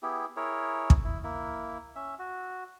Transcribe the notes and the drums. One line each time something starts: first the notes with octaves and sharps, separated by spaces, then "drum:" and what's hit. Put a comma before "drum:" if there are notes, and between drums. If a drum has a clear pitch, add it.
B3 E4 G4 G#4
E4 G#4 A#4 C#5
drum: kick
E4
A#3 E4
C#4 E5
F#4